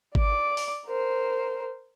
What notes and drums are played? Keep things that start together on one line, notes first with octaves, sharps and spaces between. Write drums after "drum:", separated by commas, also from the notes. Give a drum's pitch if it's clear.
D5 D6, drum: kick G#1
drum: open hi-hat
A#4 C5